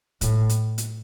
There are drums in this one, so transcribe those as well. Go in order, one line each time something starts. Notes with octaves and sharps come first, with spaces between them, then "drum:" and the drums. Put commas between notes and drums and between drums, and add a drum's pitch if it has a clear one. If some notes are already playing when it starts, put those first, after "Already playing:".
A2, drum: kick, hi-hat
drum: hi-hat
drum: hi-hat